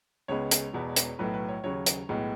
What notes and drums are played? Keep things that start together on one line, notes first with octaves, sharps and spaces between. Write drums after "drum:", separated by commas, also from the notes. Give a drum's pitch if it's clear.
C#2 C#3 G#3 B3 C#5
drum: hi-hat
E1 E2 B2 G#3 B3
drum: hi-hat
B1 A2 F#3 A3 B4
B4
C#5
D#2 C#3 F#3 C#5
drum: hi-hat
B1 A2 G#3 B3